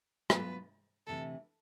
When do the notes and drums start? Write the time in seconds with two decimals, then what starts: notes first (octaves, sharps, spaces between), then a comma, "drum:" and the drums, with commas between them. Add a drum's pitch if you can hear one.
0.30 F#3 B3 D4 F4 B4, drum: rim click
1.07 D2 C3 E3 A4